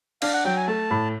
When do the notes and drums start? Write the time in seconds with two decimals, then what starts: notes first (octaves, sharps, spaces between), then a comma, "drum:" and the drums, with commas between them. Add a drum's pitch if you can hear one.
0.22 D4 F5, drum: cymbal
0.33 F#5
0.45 F#3 G5
0.56 G#5
0.68 A3 A5
0.91 A2